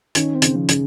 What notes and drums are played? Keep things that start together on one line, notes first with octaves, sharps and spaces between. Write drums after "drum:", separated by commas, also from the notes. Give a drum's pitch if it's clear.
D#3 C#4, drum: hi-hat
C4
C#3, drum: hi-hat
F3
C#3, drum: hi-hat